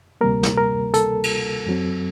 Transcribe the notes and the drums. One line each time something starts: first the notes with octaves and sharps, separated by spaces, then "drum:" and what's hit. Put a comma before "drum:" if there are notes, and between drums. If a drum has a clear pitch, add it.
D2 C3 G3 A#3 A#4
drum: snare
A#4
A4, drum: hi-hat
drum: cymbal
F#2 F#3 C4